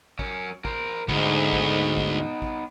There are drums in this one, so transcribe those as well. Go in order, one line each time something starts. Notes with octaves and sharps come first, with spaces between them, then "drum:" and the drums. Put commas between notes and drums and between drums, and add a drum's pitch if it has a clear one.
F#2 C#4, drum: kick
A#4 C5, drum: kick
D2 G#2 B3 D#4, drum: kick
drum: kick
drum: kick
drum: kick